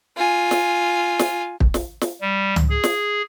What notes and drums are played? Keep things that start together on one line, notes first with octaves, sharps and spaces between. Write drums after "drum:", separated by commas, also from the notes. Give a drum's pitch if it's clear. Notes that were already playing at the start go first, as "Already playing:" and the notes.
F4 G#5
drum: snare
drum: snare
drum: kick
drum: snare
drum: snare
G3
drum: tom C#2
G#4
drum: snare